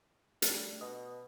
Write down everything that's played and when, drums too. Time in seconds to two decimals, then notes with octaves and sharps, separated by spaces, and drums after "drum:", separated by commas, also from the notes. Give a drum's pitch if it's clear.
0.42 G3 A3 D4, drum: hi-hat
0.81 B2 D#5